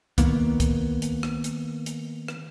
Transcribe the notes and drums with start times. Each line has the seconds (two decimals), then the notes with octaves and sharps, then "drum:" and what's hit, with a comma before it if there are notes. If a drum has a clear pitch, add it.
0.18 D#3 A#3 B3, drum: kick C2, hi-hat
0.60 drum: kick C2, hi-hat
1.02 drum: hi-hat
1.23 drum: rim click
1.44 drum: hi-hat
1.86 drum: hi-hat
2.28 drum: rim click